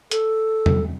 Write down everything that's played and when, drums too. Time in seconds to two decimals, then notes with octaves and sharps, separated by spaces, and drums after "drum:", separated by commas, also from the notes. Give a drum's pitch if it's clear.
0.11 A4, drum: hi-hat
0.66 drum: tom